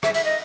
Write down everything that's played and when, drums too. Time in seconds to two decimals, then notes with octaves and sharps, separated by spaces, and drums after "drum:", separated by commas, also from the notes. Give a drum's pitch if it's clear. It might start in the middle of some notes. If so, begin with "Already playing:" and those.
0.03 E5, drum: rim click
0.14 E5, drum: cymbal
0.24 D#5